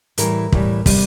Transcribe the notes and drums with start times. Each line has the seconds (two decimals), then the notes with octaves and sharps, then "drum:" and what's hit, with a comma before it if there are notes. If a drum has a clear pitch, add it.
0.18 A2 E3 G3 A#4, drum: hi-hat
0.52 A2 E3 G3, drum: kick
0.86 C3 G3, drum: kick, open hi-hat